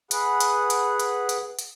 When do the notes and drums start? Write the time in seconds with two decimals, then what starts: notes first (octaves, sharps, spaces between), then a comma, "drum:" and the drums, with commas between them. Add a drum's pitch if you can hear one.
0.11 G#4 B4 F#5, drum: hi-hat
0.40 drum: hi-hat
0.70 drum: hi-hat
1.00 drum: hi-hat
1.29 drum: hi-hat
1.59 drum: hi-hat